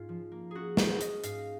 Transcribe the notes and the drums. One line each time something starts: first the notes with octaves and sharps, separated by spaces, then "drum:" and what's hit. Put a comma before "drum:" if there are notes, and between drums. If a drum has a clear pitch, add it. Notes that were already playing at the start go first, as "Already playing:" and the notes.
Already playing: G#2 C#4 F4
F3
A#3
C#4 F#4 G#4
C#4 C5, drum: snare
C#4 D#5, drum: hi-hat
G#2 F5, drum: hi-hat